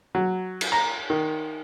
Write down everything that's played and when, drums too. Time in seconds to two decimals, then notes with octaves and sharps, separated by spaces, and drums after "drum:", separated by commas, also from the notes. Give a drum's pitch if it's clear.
0.15 F#3
0.61 drum: cymbal
0.72 A#5
1.10 D#3